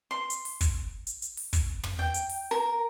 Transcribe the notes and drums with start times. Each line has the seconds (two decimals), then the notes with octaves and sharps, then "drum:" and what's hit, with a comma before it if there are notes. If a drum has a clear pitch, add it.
0.11 C6
0.30 drum: hi-hat
0.45 drum: open hi-hat
0.61 drum: kick, hi-hat
1.07 drum: hi-hat
1.22 drum: hi-hat
1.37 drum: open hi-hat
1.53 drum: kick, hi-hat
1.83 drum: tom
1.99 G5
2.14 drum: hi-hat
2.30 drum: open hi-hat
2.51 A#4